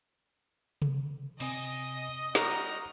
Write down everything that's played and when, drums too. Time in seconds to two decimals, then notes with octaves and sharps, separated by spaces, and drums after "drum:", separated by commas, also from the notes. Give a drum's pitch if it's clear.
0.82 drum: tom C3
1.40 C3 C4 D#5 G#5, drum: cymbal
2.35 G3 F#4 A#5 C#6 D#6 F6, drum: snare